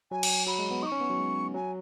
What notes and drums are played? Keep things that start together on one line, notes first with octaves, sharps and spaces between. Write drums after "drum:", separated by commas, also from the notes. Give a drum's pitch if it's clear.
F#3 G#5
drum: cymbal
F#3 B5
G#3
B3
D#4 D#6
C#6
C#4
B3
F#3
G#3
F#3 G#5